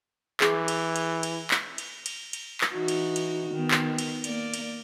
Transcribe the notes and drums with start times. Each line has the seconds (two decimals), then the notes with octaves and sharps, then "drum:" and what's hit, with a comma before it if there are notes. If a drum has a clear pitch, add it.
0.41 E3 G#4 C#6 D6, drum: clap
0.68 drum: cymbal
0.96 drum: cymbal
1.23 drum: cymbal
1.51 drum: clap
1.78 drum: cymbal
2.06 drum: cymbal
2.33 drum: cymbal
2.61 drum: clap
2.72 E3 D#4 F#4
2.88 drum: cymbal
3.16 drum: cymbal
3.50 D#3 B3
3.71 drum: clap
3.98 drum: cymbal
4.24 A#3 D5, drum: cymbal
4.54 drum: cymbal